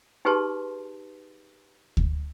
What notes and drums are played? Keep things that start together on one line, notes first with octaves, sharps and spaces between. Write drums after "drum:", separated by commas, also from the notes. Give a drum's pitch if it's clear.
D#4 G4 G#4 B4 A5 C6
drum: kick D2